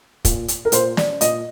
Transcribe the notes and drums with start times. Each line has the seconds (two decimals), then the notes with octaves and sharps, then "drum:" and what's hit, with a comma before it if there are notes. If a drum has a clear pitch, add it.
0.25 A#2, drum: kick, hi-hat
0.48 drum: hi-hat
0.65 A#4
0.72 A#2 C5, drum: hi-hat
0.97 D5, drum: snare
1.21 A#2 D#5, drum: hi-hat